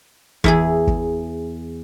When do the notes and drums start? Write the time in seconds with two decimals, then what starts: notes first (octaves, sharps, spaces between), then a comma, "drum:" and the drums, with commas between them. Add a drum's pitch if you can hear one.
0.44 E2 E4 G#4, drum: kick
0.87 drum: kick